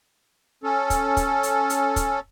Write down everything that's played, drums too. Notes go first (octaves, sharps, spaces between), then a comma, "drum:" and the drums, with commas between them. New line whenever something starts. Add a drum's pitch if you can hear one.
C#4 A4
drum: kick, hi-hat
drum: kick, hi-hat
drum: hi-hat
drum: hi-hat
drum: kick, hi-hat